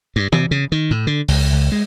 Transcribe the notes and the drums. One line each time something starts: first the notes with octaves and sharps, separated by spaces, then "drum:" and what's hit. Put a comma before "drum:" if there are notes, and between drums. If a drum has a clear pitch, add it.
G2
C3, drum: tom E3
C#3
D#3
A2
D3
C#2, drum: open hi-hat
C#2
G#3